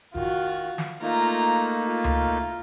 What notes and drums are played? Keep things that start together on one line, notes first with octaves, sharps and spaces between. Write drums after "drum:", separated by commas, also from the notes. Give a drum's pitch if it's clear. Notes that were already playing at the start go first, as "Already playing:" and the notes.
D#3 F4 F#4, drum: kick F#1
drum: snare
A3 A#3 D#4 F4 A#5
F4
drum: tom C#2